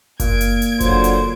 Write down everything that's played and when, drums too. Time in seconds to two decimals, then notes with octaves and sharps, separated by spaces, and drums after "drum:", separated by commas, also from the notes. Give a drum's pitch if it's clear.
0.20 A#2 G#6 D7, drum: kick F#1, hi-hat
0.41 drum: hi-hat
0.62 drum: hi-hat
0.80 D3 F#3 F4 C5, drum: kick F#1, hi-hat
1.04 drum: hi-hat